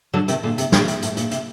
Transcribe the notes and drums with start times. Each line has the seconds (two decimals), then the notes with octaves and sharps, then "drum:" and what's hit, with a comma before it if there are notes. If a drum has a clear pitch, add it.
0.14 D3 F#3
0.28 C3 D#3, drum: hi-hat
0.43 A#2 D3
0.58 C3, drum: hi-hat
0.72 A#2, drum: snare
0.88 C3, drum: hi-hat
1.02 A2, drum: hi-hat
1.17 A#2, drum: hi-hat
1.31 C3, drum: hi-hat